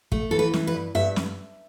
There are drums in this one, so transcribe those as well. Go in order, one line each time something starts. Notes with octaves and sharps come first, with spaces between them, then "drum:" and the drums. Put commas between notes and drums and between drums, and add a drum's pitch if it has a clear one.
A3, drum: kick
E3 A4
B4
E3, drum: snare
B4
G2
G2 E5
drum: snare